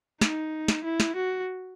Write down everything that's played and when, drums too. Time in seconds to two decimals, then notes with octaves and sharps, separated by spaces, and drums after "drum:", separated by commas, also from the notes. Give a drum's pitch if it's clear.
0.21 D#4, drum: snare
0.68 drum: snare
0.84 E4
1.00 drum: snare
1.16 F#4